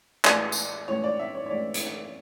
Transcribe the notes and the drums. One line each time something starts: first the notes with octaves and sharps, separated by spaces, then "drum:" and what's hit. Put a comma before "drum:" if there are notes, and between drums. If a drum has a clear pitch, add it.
A2 E3 G#3 D5, drum: clap
drum: tambourine
A2 E3 G#3 C#5
D5
E5
C#5
C#5
A2 E3 G#3 D5
drum: hi-hat